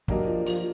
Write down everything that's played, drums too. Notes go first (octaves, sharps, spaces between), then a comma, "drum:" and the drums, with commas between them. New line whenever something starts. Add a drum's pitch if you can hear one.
F#3 A#3 D4 G4 A#4 D#5, drum: kick
F3
F3, drum: open hi-hat